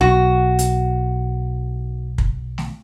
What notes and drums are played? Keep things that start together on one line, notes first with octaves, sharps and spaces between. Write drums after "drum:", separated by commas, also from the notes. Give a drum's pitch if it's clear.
B1 F#4
drum: hi-hat
drum: kick
drum: snare A3